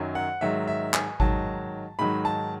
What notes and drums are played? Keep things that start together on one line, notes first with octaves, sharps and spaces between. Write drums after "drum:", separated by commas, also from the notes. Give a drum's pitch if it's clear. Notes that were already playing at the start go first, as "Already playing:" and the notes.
Already playing: F#2 D#3 F#3
F#5
G#2 D#3 F#3 E5
E5
G#5, drum: clap
G#2 D#3 F#3 A5, drum: kick G#1
G#2 D#3 F#3 B5
A5